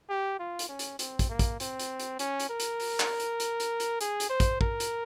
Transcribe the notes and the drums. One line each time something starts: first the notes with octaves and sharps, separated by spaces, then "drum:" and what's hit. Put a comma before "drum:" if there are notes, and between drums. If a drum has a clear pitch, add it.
G4
F4
drum: hi-hat
C#4
drum: hi-hat
C4, drum: hi-hat
drum: kick, hi-hat
A#3
drum: kick, hi-hat
C4, drum: hi-hat
drum: hi-hat
drum: hi-hat
C#4, drum: hi-hat
drum: hi-hat
A#4
drum: hi-hat
drum: open hi-hat
drum: clap
drum: hi-hat
drum: hi-hat
drum: hi-hat
drum: hi-hat
G#4, drum: hi-hat
drum: hi-hat
C5
drum: kick, hi-hat
A#4, drum: kick
drum: hi-hat